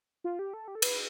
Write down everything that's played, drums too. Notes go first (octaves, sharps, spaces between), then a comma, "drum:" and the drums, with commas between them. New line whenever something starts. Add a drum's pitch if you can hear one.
F4
G4
A4
G4
A4
B4, drum: cymbal